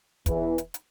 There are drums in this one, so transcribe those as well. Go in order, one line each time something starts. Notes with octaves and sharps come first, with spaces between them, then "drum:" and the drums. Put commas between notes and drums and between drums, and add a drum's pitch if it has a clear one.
E2 E3, drum: kick, hi-hat
drum: hi-hat
drum: hi-hat